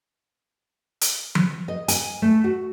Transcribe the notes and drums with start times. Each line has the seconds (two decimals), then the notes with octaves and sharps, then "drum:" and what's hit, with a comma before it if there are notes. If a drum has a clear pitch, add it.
1.01 drum: hi-hat
1.35 drum: tom F3
1.68 D#5
1.88 G#5, drum: hi-hat
2.22 A3
2.44 F#4